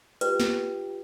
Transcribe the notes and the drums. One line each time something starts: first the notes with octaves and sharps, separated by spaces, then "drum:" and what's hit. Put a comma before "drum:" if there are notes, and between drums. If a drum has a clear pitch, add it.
F4 G4 B4 G5, drum: hi-hat
drum: snare